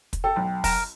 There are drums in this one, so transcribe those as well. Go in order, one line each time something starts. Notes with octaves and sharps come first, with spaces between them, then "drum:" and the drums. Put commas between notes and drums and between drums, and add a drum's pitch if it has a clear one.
drum: kick, hi-hat
A4 G5
B1
A#4, drum: kick, open hi-hat